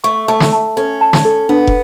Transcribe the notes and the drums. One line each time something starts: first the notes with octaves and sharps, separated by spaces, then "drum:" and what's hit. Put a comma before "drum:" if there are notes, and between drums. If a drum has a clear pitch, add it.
A3 C#6
A3 A5
drum: snare
A5
C#4 A4
A5
C#4, drum: snare
A4
B3 D4
drum: kick